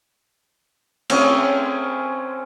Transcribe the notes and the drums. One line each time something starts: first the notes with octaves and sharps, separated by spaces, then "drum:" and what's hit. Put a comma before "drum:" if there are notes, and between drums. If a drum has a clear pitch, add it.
C4 C#4 G#4, drum: cymbal